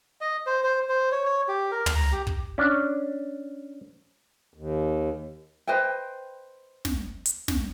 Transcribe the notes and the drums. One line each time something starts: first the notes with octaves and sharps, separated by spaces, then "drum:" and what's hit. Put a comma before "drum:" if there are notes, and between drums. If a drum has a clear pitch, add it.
D#5
C5
C5
C5
C#5
C#5
G4
A#4
drum: tom
A#5
G4
drum: kick
C#4 D4
D#2
B4 C5 D#5 G5
drum: snare
drum: hi-hat
drum: snare